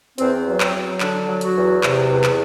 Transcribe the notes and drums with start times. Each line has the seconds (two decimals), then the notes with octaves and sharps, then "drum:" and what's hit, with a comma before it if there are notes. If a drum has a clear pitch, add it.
0.18 E2 C4, drum: hi-hat
0.46 F#3
0.60 C4, drum: clap
0.74 F#3
1.00 D3 D4, drum: clap
1.28 F#3
1.41 F#4, drum: hi-hat
1.56 E2
1.83 C3, drum: clap
2.11 E2
2.24 drum: clap